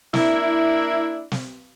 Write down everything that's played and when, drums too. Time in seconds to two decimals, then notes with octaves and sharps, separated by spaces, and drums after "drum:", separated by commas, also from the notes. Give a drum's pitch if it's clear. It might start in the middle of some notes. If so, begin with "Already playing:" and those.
0.14 A#3 D4 E4, drum: snare
1.32 drum: snare